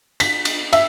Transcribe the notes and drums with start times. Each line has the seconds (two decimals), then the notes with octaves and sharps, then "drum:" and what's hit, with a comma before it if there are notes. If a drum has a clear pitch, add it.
0.20 B6, drum: cymbal
0.45 drum: cymbal
0.73 E5, drum: cymbal